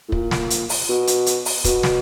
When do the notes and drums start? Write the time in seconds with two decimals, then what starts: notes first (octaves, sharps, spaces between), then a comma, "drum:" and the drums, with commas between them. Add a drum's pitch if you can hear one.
0.08 A2
0.12 A#2, drum: kick
0.31 drum: snare
0.50 drum: hi-hat
0.69 drum: open hi-hat
0.89 B2
1.07 drum: hi-hat
1.26 drum: hi-hat
1.45 drum: open hi-hat
1.64 B2, drum: kick, hi-hat
1.83 drum: snare